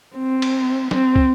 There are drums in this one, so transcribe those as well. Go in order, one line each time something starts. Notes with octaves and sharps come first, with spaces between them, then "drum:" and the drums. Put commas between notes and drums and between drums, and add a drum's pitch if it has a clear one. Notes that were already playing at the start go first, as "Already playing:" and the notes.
C4
drum: cymbal
C4, drum: snare
drum: kick